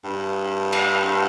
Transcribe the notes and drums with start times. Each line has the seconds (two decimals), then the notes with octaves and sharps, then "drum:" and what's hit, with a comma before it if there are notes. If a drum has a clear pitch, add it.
0.04 G2
0.73 drum: cymbal